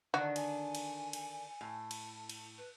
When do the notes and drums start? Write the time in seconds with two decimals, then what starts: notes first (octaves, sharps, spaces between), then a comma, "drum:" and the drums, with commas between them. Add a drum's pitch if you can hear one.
0.14 D3 D#3 D4 F#4
0.36 G#5, drum: cymbal
0.75 drum: cymbal
1.13 drum: cymbal
1.61 A2
1.91 drum: cymbal
2.29 drum: cymbal
2.58 B4